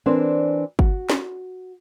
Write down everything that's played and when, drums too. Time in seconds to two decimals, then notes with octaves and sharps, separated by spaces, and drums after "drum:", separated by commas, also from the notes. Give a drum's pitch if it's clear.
0.06 E3 C4 D4 A#4 C5 D5
0.79 F#4, drum: kick G1
1.10 drum: snare